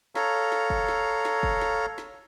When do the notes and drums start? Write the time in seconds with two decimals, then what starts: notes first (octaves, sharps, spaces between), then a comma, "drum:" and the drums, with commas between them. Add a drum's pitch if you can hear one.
0.15 A4 C#5 F5 A#5, drum: snare
0.52 drum: snare
0.70 drum: kick
0.88 drum: snare
1.25 drum: snare
1.43 drum: kick
1.61 drum: snare
1.98 drum: snare